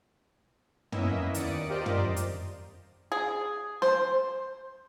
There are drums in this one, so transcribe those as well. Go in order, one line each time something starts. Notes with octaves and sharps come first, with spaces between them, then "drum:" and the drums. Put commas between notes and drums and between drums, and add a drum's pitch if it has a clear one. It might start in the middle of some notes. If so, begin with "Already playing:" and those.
A#3 B3 C#4 E4 D#5 E5, drum: tom
D#2 D#3 D5 D#6 C#7 D7, drum: hi-hat
F4 G4 A#4 C5 D5 D#5
drum: tom
drum: hi-hat
G#4
C5, drum: snare